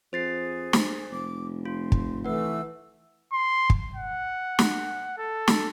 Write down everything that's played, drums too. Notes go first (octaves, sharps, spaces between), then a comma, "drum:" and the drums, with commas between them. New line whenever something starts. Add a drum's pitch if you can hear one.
F2 G#4 C5 A6 C7
drum: snare
F1 D6
F4 C6
drum: kick
E3 A3 B4 F#5 E6
C6
drum: kick
F#5
drum: snare
A4
drum: snare